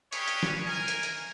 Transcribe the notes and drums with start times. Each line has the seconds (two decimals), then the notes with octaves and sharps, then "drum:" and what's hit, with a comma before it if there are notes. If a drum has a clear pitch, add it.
0.12 C#4 D4 G4 G#4 C#5 B5, drum: hi-hat
0.28 drum: hi-hat
0.43 drum: snare
0.66 A#4 G#5
0.88 drum: hi-hat
1.03 drum: hi-hat